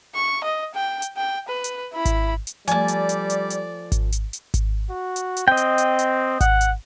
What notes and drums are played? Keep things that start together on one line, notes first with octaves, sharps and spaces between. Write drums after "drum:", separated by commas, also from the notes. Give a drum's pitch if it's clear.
C#6
D#5
G5
drum: hi-hat
G5
B4
drum: hi-hat
E4 B5
drum: kick G#1, hi-hat
drum: hi-hat
F3 G3 A3 D5 G#5 A5, drum: hi-hat
drum: hi-hat
drum: hi-hat
drum: hi-hat
drum: hi-hat
drum: kick G#1, hi-hat
drum: hi-hat
drum: hi-hat
drum: kick G#1, hi-hat
F#4
drum: hi-hat
drum: hi-hat
C4 D#5 G5
drum: hi-hat
drum: hi-hat
drum: hi-hat
F#5, drum: kick G#1, hi-hat
drum: hi-hat